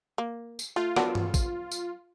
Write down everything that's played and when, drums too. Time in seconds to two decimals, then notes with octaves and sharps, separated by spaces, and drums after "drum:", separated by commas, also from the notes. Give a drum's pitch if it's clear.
0.18 A#3
0.59 drum: tambourine
0.76 A3 F4
0.96 F#3 B3 D4, drum: rim click
1.15 drum: tom G2
1.34 drum: kick, tambourine
1.71 drum: tambourine